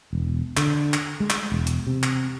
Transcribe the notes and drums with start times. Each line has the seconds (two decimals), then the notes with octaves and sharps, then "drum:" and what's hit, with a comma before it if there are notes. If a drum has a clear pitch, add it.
0.13 E1
0.57 D3, drum: clap
0.94 drum: clap
1.20 G#3
1.30 drum: clap
1.52 E1
1.67 drum: hi-hat
1.87 C3
2.03 drum: clap